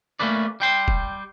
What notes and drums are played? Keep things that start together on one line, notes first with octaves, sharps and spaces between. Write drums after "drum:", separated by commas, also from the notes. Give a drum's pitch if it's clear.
A3 A#3 C#4 B4 D5
G3 G5 C6
drum: kick